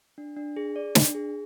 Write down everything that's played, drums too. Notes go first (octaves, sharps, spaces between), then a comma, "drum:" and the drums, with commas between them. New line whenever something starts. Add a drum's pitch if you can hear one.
D4
D4
G#4
D5
D4, drum: snare
G#4